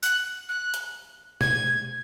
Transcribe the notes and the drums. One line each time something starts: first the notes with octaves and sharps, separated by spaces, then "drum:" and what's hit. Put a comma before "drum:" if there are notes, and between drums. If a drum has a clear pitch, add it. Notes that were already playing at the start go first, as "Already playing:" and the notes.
F#6, drum: tambourine
F#6
drum: hi-hat
G#6, drum: tom B2